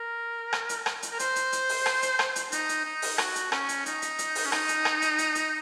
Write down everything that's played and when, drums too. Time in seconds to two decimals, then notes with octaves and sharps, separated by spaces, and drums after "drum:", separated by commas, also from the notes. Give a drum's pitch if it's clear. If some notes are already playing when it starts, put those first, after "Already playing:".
Already playing: A#4
0.53 drum: rim click
0.69 drum: hi-hat
0.86 drum: rim click
1.03 drum: hi-hat
1.12 A#4
1.19 C5, drum: hi-hat
1.36 drum: hi-hat
1.52 drum: hi-hat
1.69 drum: open hi-hat
1.86 drum: rim click
2.02 drum: hi-hat
2.19 drum: rim click
2.36 drum: hi-hat
2.52 D#4, drum: hi-hat
2.69 drum: hi-hat
2.85 D#4
3.02 drum: open hi-hat
3.18 F#4, drum: rim click
3.35 drum: hi-hat
3.52 C#4, drum: rim click
3.69 drum: hi-hat
3.86 D#4, drum: hi-hat
4.02 drum: hi-hat
4.19 drum: hi-hat
4.35 drum: open hi-hat
4.45 C#4
4.52 D#4, drum: rim click
4.68 drum: hi-hat
4.85 drum: rim click
5.02 drum: hi-hat
5.18 drum: hi-hat
5.35 drum: hi-hat